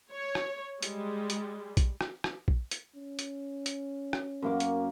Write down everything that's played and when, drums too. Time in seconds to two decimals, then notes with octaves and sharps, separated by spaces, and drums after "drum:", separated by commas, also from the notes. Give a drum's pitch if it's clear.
0.11 C#5
0.35 drum: rim click
0.83 G3 G#3, drum: hi-hat
1.30 drum: hi-hat
1.77 drum: kick A#1, hi-hat
2.01 drum: rim click
2.24 drum: rim click
2.48 drum: kick A#1
2.71 drum: hi-hat
2.96 C#4
3.19 drum: hi-hat
3.66 drum: hi-hat
4.13 drum: rim click
4.42 F#2 A#3 D6
4.60 drum: hi-hat